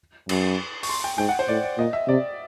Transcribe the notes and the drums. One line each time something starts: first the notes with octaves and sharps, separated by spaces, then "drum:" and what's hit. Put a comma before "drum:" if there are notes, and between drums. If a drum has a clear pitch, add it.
F#2, drum: cymbal
C#6, drum: open hi-hat
C6
G5
G#2 G5
F#5
C5
A2 D5
D5
A#2 D#5
E5
C3 D5